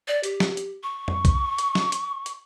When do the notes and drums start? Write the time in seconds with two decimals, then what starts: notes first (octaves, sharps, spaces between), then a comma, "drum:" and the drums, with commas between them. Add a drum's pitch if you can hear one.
0.08 D5
0.23 G4, drum: hi-hat
0.40 drum: snare
0.57 drum: hi-hat
0.83 C#6
1.08 drum: tom F2
1.25 drum: kick B1, hi-hat
1.58 drum: hi-hat
1.75 drum: snare
1.92 drum: hi-hat
2.26 drum: hi-hat